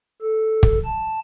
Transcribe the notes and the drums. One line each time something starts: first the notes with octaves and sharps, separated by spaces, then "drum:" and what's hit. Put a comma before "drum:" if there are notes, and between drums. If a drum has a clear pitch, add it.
A4
drum: kick
A5